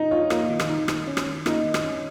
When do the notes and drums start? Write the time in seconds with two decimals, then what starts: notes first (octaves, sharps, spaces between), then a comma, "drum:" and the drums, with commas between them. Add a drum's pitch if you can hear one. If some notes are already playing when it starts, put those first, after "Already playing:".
Already playing: D#4
0.11 F4 C#5
0.30 A#3 D#4, drum: rim click
0.50 D#3
0.59 drum: rim click
0.70 D#4
0.88 D#3, drum: rim click
1.07 C#4
1.17 drum: rim click
1.26 D#3
1.46 A#3 D#4, drum: rim click
1.65 D#3
1.74 drum: rim click
1.84 C#4